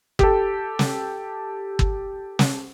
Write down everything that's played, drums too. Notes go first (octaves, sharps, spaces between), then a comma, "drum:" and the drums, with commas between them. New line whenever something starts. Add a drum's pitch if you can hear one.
G4 A4, drum: kick G1
drum: snare
drum: kick G1
drum: snare